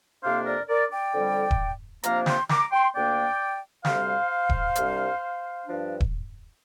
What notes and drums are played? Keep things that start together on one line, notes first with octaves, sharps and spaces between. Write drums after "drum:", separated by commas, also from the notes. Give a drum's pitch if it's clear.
F2 C3 A#3 D4 C5 F5
A#4 D5
A#4 D5
D5 G5
F2 D3 G3
drum: kick D#1
C3 F3 A#3 D4 F5 A#5, drum: hi-hat
G5 C6, drum: snare
A#5 D6, drum: snare
G5 C6
D2 D3 A#3 D4 D5 G5
D2 C3 G3 C5 F5, drum: snare
drum: kick D#1
C2 C3 G3 D4, drum: hi-hat
G2 F3 D4
drum: kick D#1